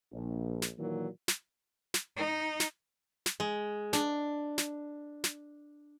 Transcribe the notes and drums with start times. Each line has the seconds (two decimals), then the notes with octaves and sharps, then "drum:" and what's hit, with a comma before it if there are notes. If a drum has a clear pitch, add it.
0.12 A#1
0.62 drum: snare
0.78 A#2 D#3 E3 F#3 A#3
1.28 drum: snare
1.94 drum: snare
2.16 D#4
2.60 drum: snare
3.26 drum: snare
3.40 G#3
3.93 D4, drum: snare
4.58 drum: snare
5.24 drum: snare